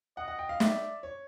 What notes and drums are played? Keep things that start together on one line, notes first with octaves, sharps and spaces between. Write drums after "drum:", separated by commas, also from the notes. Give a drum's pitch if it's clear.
D#5 F#5
F#5
G5
F5
D5 E5, drum: snare
C#5